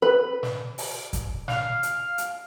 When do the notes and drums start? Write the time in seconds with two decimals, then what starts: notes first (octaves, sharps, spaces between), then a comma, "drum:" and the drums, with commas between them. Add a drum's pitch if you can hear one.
0.02 B4
0.43 drum: snare
0.78 drum: open hi-hat
1.13 drum: kick, hi-hat
1.48 F5, drum: snare
1.83 drum: hi-hat
2.18 drum: hi-hat